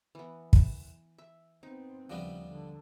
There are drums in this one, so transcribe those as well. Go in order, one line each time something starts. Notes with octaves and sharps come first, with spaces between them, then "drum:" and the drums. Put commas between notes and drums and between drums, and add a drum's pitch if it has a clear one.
E3 B3
drum: kick
E5
B3 C4 D#4
D#2 C#3 F3 G3 B3 D4 D#5 E5
D3